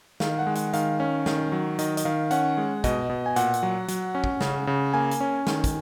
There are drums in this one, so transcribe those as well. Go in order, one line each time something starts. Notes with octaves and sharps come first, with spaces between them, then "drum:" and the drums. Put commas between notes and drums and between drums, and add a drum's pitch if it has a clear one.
D#3 F5, drum: snare
F#5
G#3
F#5, drum: hi-hat
D#3 F5, drum: hi-hat
C#4
D#3, drum: snare
F#3
D#3 D#5, drum: hi-hat
D#5, drum: hi-hat
D#3 F5
C#4 F#5, drum: hi-hat
G#3
B2 D#5, drum: kick, hi-hat
B2
G#5
A#2 F#5, drum: hi-hat
drum: hi-hat
F#3
F#3, drum: hi-hat
C#4
drum: kick
C#3, drum: snare
C#3
A#3 G#5
drum: hi-hat
C#4
D#3, drum: snare
drum: kick, hi-hat